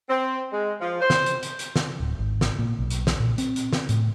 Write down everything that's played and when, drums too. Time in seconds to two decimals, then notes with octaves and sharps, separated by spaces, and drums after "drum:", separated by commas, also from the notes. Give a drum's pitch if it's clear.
0.09 C4
0.52 G#3
0.81 F3
1.01 C5
1.10 drum: snare
1.26 drum: hi-hat
1.43 drum: hi-hat
1.59 drum: hi-hat
1.76 drum: snare
2.00 D1
2.19 G#1
2.41 drum: snare
2.59 A#2
2.79 B1
2.90 drum: hi-hat
3.07 drum: snare
3.20 A#2
3.38 C4, drum: hi-hat
3.56 drum: hi-hat
3.73 drum: snare
3.89 A2, drum: hi-hat